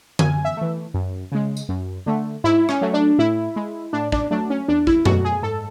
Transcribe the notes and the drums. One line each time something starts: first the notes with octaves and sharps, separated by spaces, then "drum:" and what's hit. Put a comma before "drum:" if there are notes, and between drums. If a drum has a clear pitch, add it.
F#2 G#5, drum: tom D3
E5
E3 A3
F#2
C#3 G#3
drum: tambourine
F#2
D3 A3
G#2 E4
C#4, drum: rim click
F#3 A3
D4
A2 E4
G#3
A2 D4
D4, drum: kick
F#3 A3 D4
C#4
E2 D4
E4, drum: kick
B2 F#3 A3 F#4, drum: tom F#2
G#4
G#2 A4